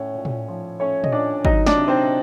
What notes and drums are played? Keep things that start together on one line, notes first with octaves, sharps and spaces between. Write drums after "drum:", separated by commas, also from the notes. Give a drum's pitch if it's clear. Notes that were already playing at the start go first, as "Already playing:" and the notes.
Already playing: A2 C#4
A#2
drum: tom
F3
A3 C#4 C#5
D#5, drum: tom
A#2 D4 D5
F#3 D#4 D#5, drum: kick
D4 D5, drum: snare
C3
C4 C5